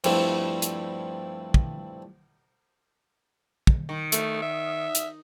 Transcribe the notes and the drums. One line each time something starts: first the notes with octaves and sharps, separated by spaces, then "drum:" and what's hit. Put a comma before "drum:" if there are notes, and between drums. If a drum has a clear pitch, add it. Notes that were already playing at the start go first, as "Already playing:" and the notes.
G2 F3 G3 A3 C4 E4, drum: cymbal
drum: hi-hat
drum: kick
drum: kick
D#3
A3, drum: hi-hat
E5
drum: hi-hat